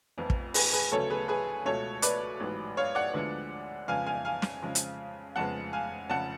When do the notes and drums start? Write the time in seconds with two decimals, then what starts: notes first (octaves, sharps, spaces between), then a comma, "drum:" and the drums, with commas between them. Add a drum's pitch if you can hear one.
0.18 F1 F2 F3 B3
0.30 drum: kick
0.54 G#4 B4, drum: open hi-hat
0.73 G#4 B4
0.92 D2 C#3 F#3 B3 A4 C#5
1.10 G#4 B4
1.28 G#4 B4
1.65 C#2 B2 A3 A4 C#5
2.02 B4 D5, drum: hi-hat
2.40 A1 G#2 F#3 B3
2.77 C#5 F5
2.95 D5 F#5
3.13 D2 D3 F3 G#3 B3
3.88 F2 C#3 G#3 B3 F5 G#5
4.06 F5 G#5
4.25 F5 G#5
4.42 drum: snare
4.62 F2 C#3 F3 G#3
4.75 drum: hi-hat
5.36 F1 F2 C#3 G#3 B3 F#5 A5
5.73 F5 G#5
6.10 F1 F2 C#3 F#5 A5